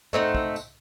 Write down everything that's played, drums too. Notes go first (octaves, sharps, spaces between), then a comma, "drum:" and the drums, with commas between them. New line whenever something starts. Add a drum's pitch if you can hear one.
A3 C4 D#4 F#5, drum: tom
drum: kick
drum: tambourine